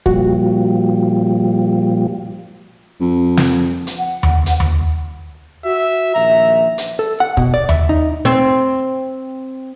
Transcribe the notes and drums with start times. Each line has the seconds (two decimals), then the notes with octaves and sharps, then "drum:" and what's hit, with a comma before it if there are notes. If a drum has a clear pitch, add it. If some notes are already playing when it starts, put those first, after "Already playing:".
0.06 A#2 F3 G3 F#4, drum: kick
3.01 F2
3.37 drum: snare
3.87 drum: hi-hat
3.98 F#5
4.23 drum: tom D#2
4.46 drum: hi-hat
4.60 drum: tom D#2
5.65 F#4 E5
6.15 A#1 D#3 E5 A#5
6.78 drum: hi-hat
6.99 A4
7.20 F#5
7.37 B2, drum: kick
7.54 D5
7.69 E5, drum: tom D#2
7.89 D#4
8.25 C4